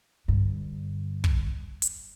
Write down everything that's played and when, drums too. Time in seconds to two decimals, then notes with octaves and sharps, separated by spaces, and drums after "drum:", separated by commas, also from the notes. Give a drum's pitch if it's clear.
0.28 G2 D3
1.24 drum: kick
1.82 drum: hi-hat